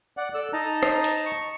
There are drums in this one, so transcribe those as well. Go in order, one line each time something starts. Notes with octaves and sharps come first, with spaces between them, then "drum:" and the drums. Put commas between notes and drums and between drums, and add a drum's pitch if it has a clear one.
D5 F#5
A4 D5 E6
D#4 D#5 A5 A#5
drum: rim click
drum: hi-hat
C#6